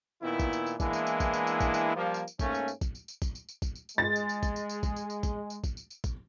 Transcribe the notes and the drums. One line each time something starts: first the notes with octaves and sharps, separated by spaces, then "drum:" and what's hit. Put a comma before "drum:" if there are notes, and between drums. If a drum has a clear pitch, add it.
A#2 D#3 B3 E4
drum: kick, tambourine
drum: tambourine
drum: tambourine
E3 G#3 A#3 B3 D4 E4, drum: kick, tambourine
drum: tambourine
drum: tambourine
drum: kick, tambourine
drum: tambourine
drum: tambourine
drum: kick, tambourine
drum: tambourine
F3 G3 A#3
drum: tambourine
drum: tambourine
G#2 A3 A#3 C#4, drum: kick, tambourine
drum: tambourine
drum: tambourine
drum: kick, tambourine
drum: tambourine
drum: tambourine
drum: kick, tambourine
drum: tambourine
drum: tambourine
drum: kick, tambourine
drum: tambourine
drum: tambourine
G#3 A6
drum: tambourine
drum: tambourine
drum: kick, tambourine
drum: tambourine
drum: tambourine
drum: kick, tambourine
drum: tambourine
drum: tambourine
drum: kick, tambourine
drum: tambourine
drum: kick, tambourine
drum: tambourine
drum: tambourine
drum: kick, tambourine